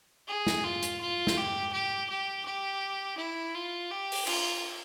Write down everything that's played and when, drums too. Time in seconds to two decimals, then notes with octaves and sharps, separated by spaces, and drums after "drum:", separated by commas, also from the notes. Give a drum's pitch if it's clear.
0.28 G#4
0.47 drum: snare
0.64 F4
0.83 drum: hi-hat
1.01 F4
1.27 drum: snare
1.37 G4
1.73 G4
2.10 G4
2.46 G4
3.18 E4
3.55 F4
3.91 G4
4.12 drum: open hi-hat
4.27 F4, drum: cymbal